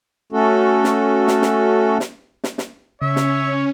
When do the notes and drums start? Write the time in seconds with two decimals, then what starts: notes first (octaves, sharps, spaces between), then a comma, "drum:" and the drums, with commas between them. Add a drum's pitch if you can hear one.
0.33 A3 C#4 F#4 A4
0.84 drum: snare
1.28 drum: snare
1.42 drum: snare
2.00 drum: snare
2.44 drum: snare
2.58 drum: snare
3.02 C#3 C#4 C#5 E5
3.16 drum: snare